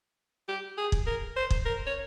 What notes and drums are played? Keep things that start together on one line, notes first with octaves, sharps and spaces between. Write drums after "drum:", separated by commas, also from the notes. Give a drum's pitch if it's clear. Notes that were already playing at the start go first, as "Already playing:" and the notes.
G4
G#4
drum: kick
A#4
C5
drum: kick
A#4
C#5